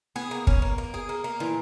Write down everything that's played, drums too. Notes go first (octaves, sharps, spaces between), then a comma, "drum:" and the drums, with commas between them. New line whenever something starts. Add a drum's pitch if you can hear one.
B3 G#4
A#3
C#4, drum: kick
A#3
A#3
G#4
A#3
A#3
A#2 E3